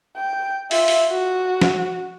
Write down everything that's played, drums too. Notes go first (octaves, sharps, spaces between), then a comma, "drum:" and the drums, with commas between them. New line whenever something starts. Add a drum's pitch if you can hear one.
G5
F4 E5, drum: open hi-hat
drum: open hi-hat
F#4
drum: snare